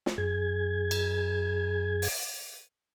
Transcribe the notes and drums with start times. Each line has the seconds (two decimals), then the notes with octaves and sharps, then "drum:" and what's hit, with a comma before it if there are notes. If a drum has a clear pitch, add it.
0.06 drum: snare
0.18 F#2 G#4 G#6
0.91 drum: cymbal
2.02 drum: open hi-hat